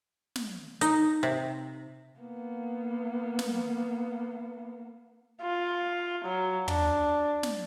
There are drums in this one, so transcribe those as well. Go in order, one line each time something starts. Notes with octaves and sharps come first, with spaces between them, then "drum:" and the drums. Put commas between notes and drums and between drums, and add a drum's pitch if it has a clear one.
drum: snare
D#4, drum: hi-hat
C3
A#3 B3
drum: snare
F4
F#3
D4, drum: tom
drum: snare